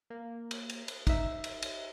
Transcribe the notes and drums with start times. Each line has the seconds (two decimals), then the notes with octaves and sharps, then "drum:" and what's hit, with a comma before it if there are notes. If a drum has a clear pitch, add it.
0.10 A#3
0.51 drum: cymbal
0.70 drum: cymbal
0.88 drum: cymbal
1.07 D#4 E5, drum: kick, cymbal
1.44 drum: cymbal
1.62 drum: cymbal